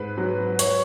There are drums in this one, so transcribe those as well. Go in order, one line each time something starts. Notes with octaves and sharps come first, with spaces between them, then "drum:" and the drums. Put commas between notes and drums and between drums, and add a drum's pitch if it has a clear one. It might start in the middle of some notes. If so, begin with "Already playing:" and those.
Already playing: G#2 B4
F#3
C#5, drum: hi-hat